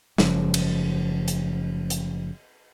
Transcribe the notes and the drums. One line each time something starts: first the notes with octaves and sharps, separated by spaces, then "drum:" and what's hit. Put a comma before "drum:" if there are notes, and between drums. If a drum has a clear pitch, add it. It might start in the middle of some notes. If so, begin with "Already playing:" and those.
F#1 C#3 F3 C#4, drum: snare
drum: cymbal
drum: hi-hat
drum: hi-hat